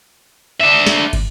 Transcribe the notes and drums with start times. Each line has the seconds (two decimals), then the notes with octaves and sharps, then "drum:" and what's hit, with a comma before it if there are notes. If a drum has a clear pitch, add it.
0.60 D4 E5
0.87 drum: snare
1.13 drum: kick, cymbal